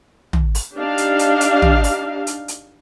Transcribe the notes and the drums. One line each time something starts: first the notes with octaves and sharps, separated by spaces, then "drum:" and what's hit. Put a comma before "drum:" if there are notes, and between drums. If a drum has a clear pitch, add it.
drum: tom
drum: open hi-hat
D4 D#4 G4 F5
drum: hi-hat
drum: hi-hat
drum: hi-hat
drum: tom
drum: open hi-hat
drum: hi-hat
drum: hi-hat